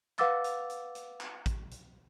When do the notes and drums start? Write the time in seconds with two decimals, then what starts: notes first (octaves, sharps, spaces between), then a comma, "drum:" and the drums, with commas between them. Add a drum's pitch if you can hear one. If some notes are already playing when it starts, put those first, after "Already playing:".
0.19 B4 F5 F#5 D6 E6 A6, drum: clap
0.44 drum: hi-hat
0.70 drum: hi-hat
0.95 drum: hi-hat
1.20 drum: clap
1.46 drum: kick, hi-hat
1.71 drum: hi-hat